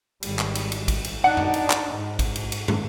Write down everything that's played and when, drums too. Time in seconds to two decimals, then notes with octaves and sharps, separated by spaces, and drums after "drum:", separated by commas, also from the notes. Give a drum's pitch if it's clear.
0.22 G#1 G3, drum: cymbal
0.39 drum: clap
0.55 drum: cymbal
0.72 drum: cymbal
0.88 drum: kick A1, cymbal
1.04 drum: cymbal
1.24 D4 D#4 F#5
1.37 drum: tom F#2
1.54 drum: cymbal
1.70 drum: clap
1.94 G#2
2.19 drum: kick A1, cymbal
2.35 drum: cymbal
2.52 drum: cymbal
2.68 drum: tom